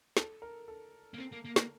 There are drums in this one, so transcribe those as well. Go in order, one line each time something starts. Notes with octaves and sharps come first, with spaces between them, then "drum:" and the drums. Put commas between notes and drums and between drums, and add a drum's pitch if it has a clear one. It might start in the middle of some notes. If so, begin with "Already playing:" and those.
A4, drum: snare
A#4
A4
A#3
C4
A#3
A#3
A#3, drum: snare